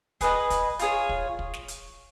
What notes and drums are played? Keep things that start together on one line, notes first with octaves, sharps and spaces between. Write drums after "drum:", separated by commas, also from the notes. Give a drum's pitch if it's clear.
G#4 B4 D#5 G#5, drum: kick, hi-hat
drum: kick, hi-hat
F4 G#4 C#5, drum: hi-hat
drum: kick
drum: kick
drum: snare
drum: hi-hat